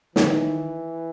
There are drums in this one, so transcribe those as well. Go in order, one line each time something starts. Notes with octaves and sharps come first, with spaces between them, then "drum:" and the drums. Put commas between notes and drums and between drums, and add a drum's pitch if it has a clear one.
D#3 E3, drum: snare